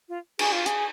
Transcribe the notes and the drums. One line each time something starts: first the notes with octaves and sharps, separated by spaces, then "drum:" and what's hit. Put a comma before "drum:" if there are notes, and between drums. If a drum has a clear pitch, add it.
F4
G#4, drum: cymbal
F4
G#4, drum: hi-hat